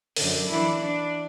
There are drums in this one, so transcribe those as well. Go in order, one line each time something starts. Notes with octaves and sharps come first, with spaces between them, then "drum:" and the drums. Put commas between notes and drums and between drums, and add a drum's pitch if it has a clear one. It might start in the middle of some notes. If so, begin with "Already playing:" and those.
F#2 D3, drum: open hi-hat
E3 D4 E4
D4